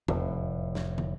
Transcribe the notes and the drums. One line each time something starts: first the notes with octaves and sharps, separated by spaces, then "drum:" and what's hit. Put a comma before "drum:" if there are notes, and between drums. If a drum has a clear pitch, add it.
F1 A2, drum: tom E2
drum: snare
drum: tom